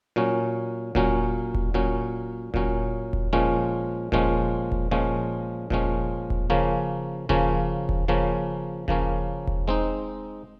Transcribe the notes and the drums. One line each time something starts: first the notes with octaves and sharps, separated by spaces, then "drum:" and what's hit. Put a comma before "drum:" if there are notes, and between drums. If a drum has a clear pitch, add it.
A#2 F#3 C#4
A#2 F#3 C#4, drum: kick E1
drum: kick E1
A#2 F#3 C#4
A#2 F#3 C#4, drum: kick E1
drum: kick E1
A#2 F3 G#3 C#4
A#2 F3 G#3 C#4, drum: kick E1
drum: kick E1
A#2 F3 G#3 C#4
A#2 F3 G#3 C#4, drum: kick E1
drum: kick E1
C#3 F3 A#3 C#4
C#3 F3 A#3 C#4, drum: kick E1
drum: kick E1
C#3 F3 A#3 C#4
C#3 F3 A#3 C#4, drum: kick E1
drum: kick E1
G#3 C4 D#4